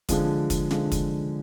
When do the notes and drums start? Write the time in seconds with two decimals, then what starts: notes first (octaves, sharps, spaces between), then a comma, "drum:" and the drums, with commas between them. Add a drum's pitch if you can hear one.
0.09 D3 F3 G#3, drum: kick, hi-hat
0.50 drum: kick, hi-hat
0.71 D3 F3 G#3, drum: snare
0.92 drum: kick, hi-hat